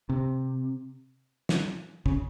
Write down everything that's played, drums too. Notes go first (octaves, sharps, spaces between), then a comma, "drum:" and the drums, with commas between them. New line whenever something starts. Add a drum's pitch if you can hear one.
C3
drum: snare
C#3, drum: kick